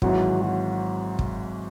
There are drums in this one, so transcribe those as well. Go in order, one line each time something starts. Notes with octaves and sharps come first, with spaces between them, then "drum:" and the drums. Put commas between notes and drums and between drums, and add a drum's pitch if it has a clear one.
G#1 G#2 E3 F#3, drum: kick
F#3
drum: kick